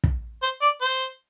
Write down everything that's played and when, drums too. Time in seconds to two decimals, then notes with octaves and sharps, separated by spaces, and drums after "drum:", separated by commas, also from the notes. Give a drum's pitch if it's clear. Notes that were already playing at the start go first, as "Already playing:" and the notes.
0.04 drum: kick
0.43 C5
0.62 D5
0.82 C5